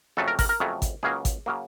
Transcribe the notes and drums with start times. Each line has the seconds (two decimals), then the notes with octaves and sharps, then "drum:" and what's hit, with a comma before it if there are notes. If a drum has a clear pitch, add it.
0.17 F2 C#3 F#3 A3 A4
0.28 A#4
0.39 A#4, drum: kick G#1, open hi-hat
0.49 A#4
0.60 F2 C#3 F#3 A3
0.82 drum: kick G#1, hi-hat
1.03 C#2 C#3 F#3 A#3 G#4
1.25 drum: kick G#1, hi-hat
1.46 C#3 F#3 A#3